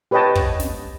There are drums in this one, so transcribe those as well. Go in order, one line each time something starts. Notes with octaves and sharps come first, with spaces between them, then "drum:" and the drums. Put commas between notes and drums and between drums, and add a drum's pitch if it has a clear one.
G4 B4 C#5 D#5 G5 A5
drum: kick
drum: snare